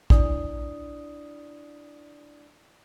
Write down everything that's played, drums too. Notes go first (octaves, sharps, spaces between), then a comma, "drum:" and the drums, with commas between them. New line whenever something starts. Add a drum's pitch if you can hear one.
D4 E4 D5 D#6, drum: kick